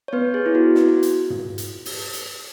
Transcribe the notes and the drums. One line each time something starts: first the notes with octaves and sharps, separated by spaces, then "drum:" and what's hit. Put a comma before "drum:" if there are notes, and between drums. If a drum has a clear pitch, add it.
C#5
B3 B4
G#4
E4
F#4
drum: snare
drum: hi-hat
drum: tom
drum: hi-hat
drum: open hi-hat
drum: hi-hat